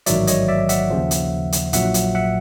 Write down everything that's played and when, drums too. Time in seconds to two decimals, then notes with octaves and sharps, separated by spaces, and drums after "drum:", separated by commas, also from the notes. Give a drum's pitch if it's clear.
0.06 A1 G#2 D#3 F#3 D5 E5, drum: hi-hat
0.27 C#5 D#5, drum: hi-hat
0.48 D5 E5
0.69 E5 F#5, drum: hi-hat
0.90 D#2 C#3 F3
1.11 drum: hi-hat
1.52 drum: hi-hat
1.73 A#1 A#2 F#3 E5 F#5, drum: hi-hat
1.94 drum: hi-hat
2.15 E5 F#5